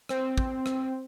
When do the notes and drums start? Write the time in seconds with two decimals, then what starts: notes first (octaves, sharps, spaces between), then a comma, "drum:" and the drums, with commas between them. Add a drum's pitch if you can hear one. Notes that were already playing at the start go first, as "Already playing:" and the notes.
0.09 C4, drum: rim click
0.38 drum: kick
0.66 drum: rim click